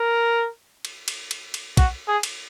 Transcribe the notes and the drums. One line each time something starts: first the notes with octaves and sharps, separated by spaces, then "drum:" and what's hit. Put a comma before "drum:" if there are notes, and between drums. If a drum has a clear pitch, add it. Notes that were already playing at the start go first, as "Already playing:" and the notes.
Already playing: A#4
drum: cymbal
drum: cymbal
drum: cymbal
drum: cymbal
F#4, drum: kick, cymbal
G#4
drum: cymbal